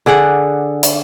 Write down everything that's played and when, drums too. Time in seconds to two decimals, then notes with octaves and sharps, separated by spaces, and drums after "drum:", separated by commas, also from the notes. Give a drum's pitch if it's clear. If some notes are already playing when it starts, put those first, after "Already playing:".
0.06 D3 G#4 D5 F#5
0.83 drum: hi-hat